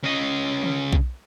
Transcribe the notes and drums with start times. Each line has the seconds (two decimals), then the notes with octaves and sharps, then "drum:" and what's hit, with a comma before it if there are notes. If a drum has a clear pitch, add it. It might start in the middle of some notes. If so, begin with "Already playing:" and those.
0.04 C#3 D#5
0.63 drum: tom D3
0.93 drum: kick B1